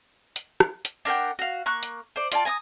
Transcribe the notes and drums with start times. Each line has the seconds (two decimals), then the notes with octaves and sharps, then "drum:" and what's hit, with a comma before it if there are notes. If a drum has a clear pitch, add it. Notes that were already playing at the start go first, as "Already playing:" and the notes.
0.36 drum: hi-hat
0.60 drum: rim click
0.85 drum: hi-hat
1.05 D4 A#4 F#5 G5
1.39 F#4 F5
1.66 A#3 C#6 F#6
1.83 drum: hi-hat
2.16 C5 D5
2.32 F4 D5 G5 A5, drum: hi-hat
2.45 G#5 A#5 D6 D#6